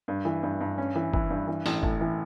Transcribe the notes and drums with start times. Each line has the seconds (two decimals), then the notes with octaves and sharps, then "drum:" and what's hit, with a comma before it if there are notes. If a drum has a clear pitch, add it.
0.08 G2
0.25 E3
0.43 G2
0.61 G2
0.78 C#4
0.95 E3
1.14 E3, drum: kick
1.30 G2
1.48 E3
1.66 A1, drum: open hi-hat
1.83 A2, drum: kick
2.01 E3